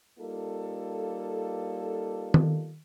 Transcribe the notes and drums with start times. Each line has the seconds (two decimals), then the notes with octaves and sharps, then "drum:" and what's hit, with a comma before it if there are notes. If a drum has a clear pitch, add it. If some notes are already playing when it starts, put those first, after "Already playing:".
0.19 G3 A#3 D#4 F4 A4
2.34 drum: tom D#3